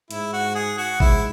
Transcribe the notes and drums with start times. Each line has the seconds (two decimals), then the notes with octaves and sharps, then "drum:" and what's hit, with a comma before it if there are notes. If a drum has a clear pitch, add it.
0.11 G#2 E4, drum: hi-hat
0.33 F#4
0.55 G#4
0.78 F#4
1.00 G#2 E4, drum: kick G#1